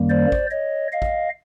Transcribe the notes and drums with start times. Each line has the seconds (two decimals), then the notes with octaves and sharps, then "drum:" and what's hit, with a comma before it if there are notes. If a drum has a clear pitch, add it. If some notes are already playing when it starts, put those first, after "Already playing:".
Already playing: F#2 D#3 G3 A#3
0.10 C5 D5
0.32 drum: kick
0.51 C#5 D#5
0.92 D#5 F5
1.02 drum: kick